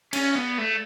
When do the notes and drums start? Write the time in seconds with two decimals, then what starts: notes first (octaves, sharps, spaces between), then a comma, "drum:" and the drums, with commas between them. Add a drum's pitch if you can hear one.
0.13 C#4, drum: cymbal
0.35 B3
0.58 A3